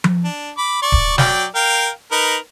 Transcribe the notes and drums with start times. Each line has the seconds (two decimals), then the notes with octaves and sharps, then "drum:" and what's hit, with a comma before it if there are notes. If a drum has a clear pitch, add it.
0.04 drum: tom F3
0.24 D4
0.58 B5 D6
0.82 D5 C#6
0.92 drum: kick D1
1.18 F#3 D5 G5, drum: snare
1.55 A#4 F5 G5
2.12 D#4 A#4 B4